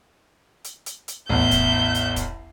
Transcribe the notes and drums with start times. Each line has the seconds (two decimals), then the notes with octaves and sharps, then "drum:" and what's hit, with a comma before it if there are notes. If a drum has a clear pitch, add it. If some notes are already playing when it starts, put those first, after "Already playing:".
0.64 drum: hi-hat
0.86 drum: hi-hat
1.08 drum: hi-hat
1.29 A1 E2 E5 G6
1.51 drum: kick, hi-hat
1.95 drum: hi-hat
2.16 drum: kick, hi-hat